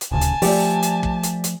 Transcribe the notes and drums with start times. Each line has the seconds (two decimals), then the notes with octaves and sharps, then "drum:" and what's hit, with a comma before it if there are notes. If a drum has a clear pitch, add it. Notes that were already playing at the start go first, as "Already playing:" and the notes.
0.01 drum: hi-hat
0.12 D#1 D2 C#3 G#5 A5
0.21 drum: hi-hat
0.42 F3 A3 G4 D5, drum: open hi-hat
0.83 drum: hi-hat
1.03 drum: kick
1.23 drum: hi-hat
1.44 drum: hi-hat